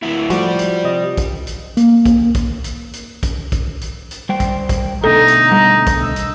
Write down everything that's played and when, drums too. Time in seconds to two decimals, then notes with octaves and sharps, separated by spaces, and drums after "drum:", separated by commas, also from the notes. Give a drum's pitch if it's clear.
0.03 D2 E4
0.30 A2 F3 G3 F#4 G4 D5, drum: hi-hat
0.59 drum: hi-hat
0.84 C3 D#5
1.17 drum: kick, hi-hat
1.47 drum: hi-hat
1.77 A#3, drum: hi-hat
2.05 drum: kick, hi-hat
2.35 drum: kick, hi-hat
2.64 drum: hi-hat
2.93 drum: hi-hat
3.23 drum: kick, hi-hat
3.52 drum: kick, hi-hat
3.81 drum: hi-hat
4.11 drum: hi-hat
4.29 G3 C5 G5
4.40 drum: kick, hi-hat
4.69 drum: kick, hi-hat
5.04 B2 D3 A3 D#4 A4 A#5
5.28 drum: hi-hat
5.51 G3
5.87 drum: kick, hi-hat
6.01 E6
6.16 drum: hi-hat